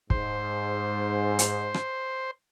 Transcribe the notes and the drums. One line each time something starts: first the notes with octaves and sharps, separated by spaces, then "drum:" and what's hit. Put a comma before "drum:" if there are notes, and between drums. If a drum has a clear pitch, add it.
G#2 C5, drum: kick
drum: hi-hat
drum: rim click